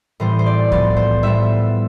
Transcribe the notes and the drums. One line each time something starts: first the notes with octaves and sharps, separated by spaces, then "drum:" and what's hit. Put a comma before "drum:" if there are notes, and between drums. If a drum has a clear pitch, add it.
A2 E3 G3 B3 C5
C5
D5
A2 F3 B3 D5, drum: kick C2
C5
A2 G3 B3 E5